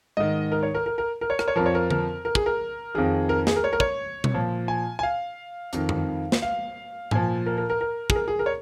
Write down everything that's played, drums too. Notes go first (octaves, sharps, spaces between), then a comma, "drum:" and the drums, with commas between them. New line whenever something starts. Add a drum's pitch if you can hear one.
G#2 D#3 D#5
A#4
C#5
A#4
A#4
A#4
A#4
C#5
A#4, drum: rim click
C#5
F2 F3 A#4
C#5
A#4
A#4, drum: tom D3
A#4
G#4, drum: kick
A#4
F2 D#3 G#4
A#4
G#4, drum: snare
A#4
C#5
A#4
C#5, drum: kick
drum: tom B2
A#2 F3
G#5
G#5
F5
F2 D#3, drum: hi-hat
drum: tom F#2
drum: snare
F5
A#2 F3 G#5, drum: tom G#2
A#4
A#4
A#4
A#4
G#4, drum: kick
A#4
G#4
A#4
C#5